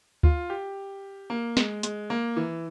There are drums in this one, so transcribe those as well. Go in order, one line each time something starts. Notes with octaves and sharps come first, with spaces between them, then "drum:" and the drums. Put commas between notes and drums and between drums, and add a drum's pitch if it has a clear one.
F4, drum: kick D2
G4
A#3
G#3, drum: snare
G#3, drum: hi-hat
A#3
E3